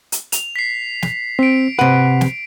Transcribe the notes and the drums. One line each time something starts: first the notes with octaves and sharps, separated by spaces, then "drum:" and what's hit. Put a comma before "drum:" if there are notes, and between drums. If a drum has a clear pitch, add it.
drum: hi-hat
F7, drum: hi-hat
B6 C7
drum: snare
C4 B6 D7
C3 B4 F#5
drum: snare